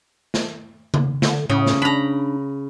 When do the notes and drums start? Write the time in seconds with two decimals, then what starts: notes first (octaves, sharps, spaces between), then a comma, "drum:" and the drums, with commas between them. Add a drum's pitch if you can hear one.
0.34 drum: snare
0.94 drum: tom C#3
1.22 D3, drum: snare
1.50 A2 C#3
1.66 drum: snare
1.82 D4 A#5 B5